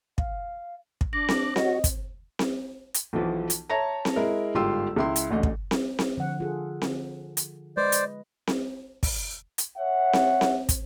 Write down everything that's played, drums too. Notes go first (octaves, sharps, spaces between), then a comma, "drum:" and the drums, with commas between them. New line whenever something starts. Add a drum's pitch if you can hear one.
F5, drum: kick
drum: kick
D4 D6 F#6 A#6
drum: snare C4
F#4 C#5 D#5 F#5, drum: snare C4
drum: kick, hi-hat
drum: snare C4
drum: hi-hat
B1 E3 F3
drum: hi-hat
C#5 E5 A5 A#5 A#6
drum: snare C4
G#3 E4 A#4
G1 G#2 F4 G4 C6 E6
C#2 E4 C6
drum: hi-hat
A1 D2 D#5
drum: kick
drum: snare C4
drum: snare C4
D3 F3 F#5
F4 G#4 A4
drum: snare C4
drum: hi-hat
G#3 B4 C5 D5 D#5
drum: hi-hat
drum: snare C4
drum: kick, open hi-hat
drum: hi-hat
C#5 E5 F#5
drum: snare C4
drum: snare C4
drum: kick, hi-hat